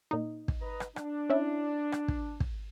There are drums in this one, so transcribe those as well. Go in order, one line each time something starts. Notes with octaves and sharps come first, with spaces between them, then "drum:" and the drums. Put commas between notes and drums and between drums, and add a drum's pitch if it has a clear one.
A#2 D#4
drum: kick
B4 D#5 A#5
drum: rim click
D4, drum: rim click
C#4 E4
drum: rim click
drum: kick
drum: kick